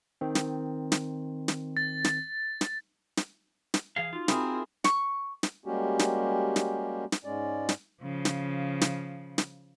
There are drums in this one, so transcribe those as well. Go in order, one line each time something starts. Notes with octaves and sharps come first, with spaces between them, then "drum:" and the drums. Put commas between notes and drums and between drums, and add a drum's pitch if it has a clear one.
D#3 C4
drum: snare
drum: snare
drum: snare
A6
drum: snare
drum: snare
drum: snare
drum: snare
E3 G#4 F5
D#4 F4 F#4
C4 E4 G#4 A#4, drum: snare
C#6, drum: snare
drum: snare
G3 G#3 A#3 C#4 F#4 G4
drum: snare
drum: snare
drum: snare
G#2 G#3 C#4 D5
drum: snare
C#3 F3
drum: snare
drum: snare
drum: snare